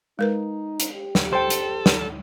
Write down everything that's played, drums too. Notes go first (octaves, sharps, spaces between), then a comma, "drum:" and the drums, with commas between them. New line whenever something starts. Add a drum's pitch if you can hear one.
G#3 D#4 A#4 B4
drum: hi-hat
G4
drum: snare
A4 C5 G5
drum: hi-hat
drum: snare